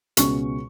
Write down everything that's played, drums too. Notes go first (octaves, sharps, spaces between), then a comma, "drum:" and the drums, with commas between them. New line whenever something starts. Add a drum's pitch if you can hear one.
C#2 B2 G#3 C#4 C#6, drum: hi-hat